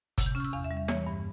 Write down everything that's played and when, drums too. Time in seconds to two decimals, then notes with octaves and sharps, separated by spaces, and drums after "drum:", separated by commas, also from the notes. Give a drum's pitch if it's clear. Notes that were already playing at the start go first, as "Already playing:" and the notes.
0.18 C3, drum: kick, hi-hat
0.26 G6
0.35 C#4 F6
0.40 C#6
0.45 E6
0.53 E2 F5
0.64 E5
0.71 G3
0.77 E5
0.88 E3 C#5, drum: snare
1.07 G2